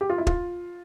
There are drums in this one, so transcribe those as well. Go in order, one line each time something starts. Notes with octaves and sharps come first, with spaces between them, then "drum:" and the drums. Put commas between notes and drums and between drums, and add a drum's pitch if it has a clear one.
G4
F4
E4
F4, drum: kick